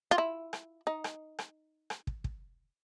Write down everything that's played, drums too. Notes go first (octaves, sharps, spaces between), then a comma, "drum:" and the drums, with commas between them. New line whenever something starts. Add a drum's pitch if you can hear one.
F4
E4
drum: rim click
D#4
drum: rim click
drum: rim click
drum: rim click
drum: kick
drum: kick